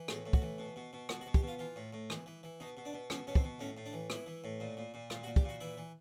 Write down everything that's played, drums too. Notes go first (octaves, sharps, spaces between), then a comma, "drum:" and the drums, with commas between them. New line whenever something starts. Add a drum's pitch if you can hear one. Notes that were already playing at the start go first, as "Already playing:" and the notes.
Already playing: E3
A2 G#4, drum: rim click
A2
F#4, drum: kick
E3
B2
B2
B2
B2 F#4, drum: rim click
F#4
B2
G4, drum: kick
B2 F4
E3 F4
A2
A2
E3, drum: rim click
E3
E3
B2 D#4
B2
D4
B2
B2 C#4, drum: rim click
B2 C#4
C4, drum: kick
B2
A2 C#4
A2
D4
E3
E3 E4, drum: rim click
E3
A2
A#2
A#2
A#2
A#2 F4, drum: rim click
F#4
A#2
G4, drum: kick
A#2 F#4
E3 E4
E3